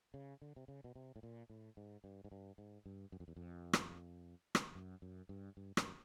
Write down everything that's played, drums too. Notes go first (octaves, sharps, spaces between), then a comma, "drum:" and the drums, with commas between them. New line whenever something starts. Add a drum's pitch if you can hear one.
C#3
D3
C3
C#3
B2
C3
A2
A#2
A2
G#2
G2
G#2
G2
G#2
G2
F#2
F2
E2
F2
drum: rim click
drum: rim click
F#2
F#2
G2
G2
F#2, drum: rim click